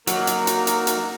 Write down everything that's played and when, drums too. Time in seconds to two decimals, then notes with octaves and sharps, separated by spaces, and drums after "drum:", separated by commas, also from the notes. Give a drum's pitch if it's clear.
0.07 F#3 A#3 D#4 A#4, drum: hi-hat
0.27 drum: hi-hat
0.47 drum: hi-hat
0.67 drum: hi-hat
0.87 drum: hi-hat